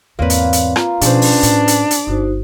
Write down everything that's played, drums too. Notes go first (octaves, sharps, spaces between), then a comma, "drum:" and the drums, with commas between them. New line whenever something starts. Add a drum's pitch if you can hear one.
E2 G#2 A#3 C4 B4 C#5 D5
drum: hi-hat
drum: hi-hat
F4 A#5, drum: rim click
B2 F3 C#4 D4 G#4 B4 C5, drum: hi-hat
drum: open hi-hat
A2, drum: hi-hat
drum: hi-hat
drum: hi-hat
G1 D#4 F#4 C5